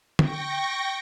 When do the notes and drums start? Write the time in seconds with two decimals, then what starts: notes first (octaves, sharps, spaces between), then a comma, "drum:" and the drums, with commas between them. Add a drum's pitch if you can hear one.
0.19 G5 C#6 A#6, drum: tom D3